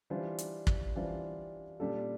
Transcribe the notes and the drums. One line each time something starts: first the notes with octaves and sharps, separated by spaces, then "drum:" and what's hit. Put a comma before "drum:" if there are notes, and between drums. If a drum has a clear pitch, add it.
E3 G3 D4 F4 C5
drum: hi-hat
drum: kick
E3 G3 D4 F4 C5
A#2 G3 D4 F4 A4